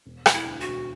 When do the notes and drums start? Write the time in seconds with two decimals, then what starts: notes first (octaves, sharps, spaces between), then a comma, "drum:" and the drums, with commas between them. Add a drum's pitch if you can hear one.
0.06 E1
0.26 E1, drum: rim click
0.33 E4
0.47 D2
0.60 F#4
0.68 E1